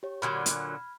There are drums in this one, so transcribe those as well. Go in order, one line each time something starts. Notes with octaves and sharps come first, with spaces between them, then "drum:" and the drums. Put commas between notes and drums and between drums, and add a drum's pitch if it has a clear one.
G4 C#5
A#2 D3 F#3 B5 F6 G#6
drum: hi-hat